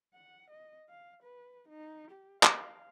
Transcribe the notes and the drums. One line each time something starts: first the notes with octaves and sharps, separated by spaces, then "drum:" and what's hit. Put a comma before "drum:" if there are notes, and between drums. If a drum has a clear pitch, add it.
F#5
D#5
F5
B4
D#4
G4
F5, drum: clap